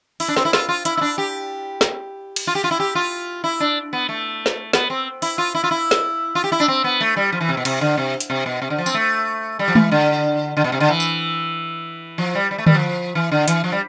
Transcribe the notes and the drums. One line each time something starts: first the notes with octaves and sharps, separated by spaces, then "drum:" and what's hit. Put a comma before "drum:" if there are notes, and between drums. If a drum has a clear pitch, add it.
E4, drum: open hi-hat
D4
C4, drum: snare
E4
F4, drum: snare
F4
E4, drum: hi-hat
E4
D4
G4
drum: snare
drum: cymbal
F4
G4
F4
E4
G4
F4
E4
D4
B3
A3
drum: snare
B3, drum: snare
C4
E4, drum: open hi-hat
F4
E4
F4
E4
drum: snare
F4
G4
E4
D4
C4
B3
A3
G3
F3
E3
C3
B2
C3, drum: cymbal
D3
C3
drum: hi-hat
C3
B2
C3
D3
F3
C4, drum: tambourine
A3
G3
F3
E3, drum: tom G#3
D3
D3
B2
C3
D3
E3
drum: tambourine
F3
G3
G3
A3
G3, drum: tom D3
F3
E3
D3
E3, drum: hi-hat
F3
G3